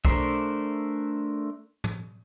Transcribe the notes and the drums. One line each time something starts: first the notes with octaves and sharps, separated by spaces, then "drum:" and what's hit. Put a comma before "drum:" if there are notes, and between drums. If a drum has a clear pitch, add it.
A3 D4 A#4 C5 E5, drum: kick B1
drum: tom